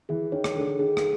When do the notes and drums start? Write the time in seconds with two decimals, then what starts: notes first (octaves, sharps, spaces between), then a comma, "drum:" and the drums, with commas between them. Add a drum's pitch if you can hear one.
0.09 E3 G#4
0.32 D#3 C#5
0.44 drum: rim click
0.56 D3 G#4
0.79 D#3 G#4
0.97 drum: rim click